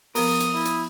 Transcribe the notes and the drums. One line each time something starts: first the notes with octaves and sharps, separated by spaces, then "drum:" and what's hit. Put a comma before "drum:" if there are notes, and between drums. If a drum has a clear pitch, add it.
F3 B3 A#4 D#6, drum: open hi-hat
drum: hi-hat
E4
drum: hi-hat